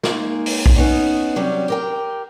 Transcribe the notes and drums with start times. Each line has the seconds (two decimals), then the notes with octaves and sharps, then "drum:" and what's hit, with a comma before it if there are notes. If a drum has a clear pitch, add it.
0.03 G#3 A#3 D#4, drum: snare
0.46 drum: open hi-hat
0.66 drum: kick A#1
0.76 B3 C#4 D#4
1.36 C3 F#3 G3 C4 C#4
1.68 G4 A#4 G5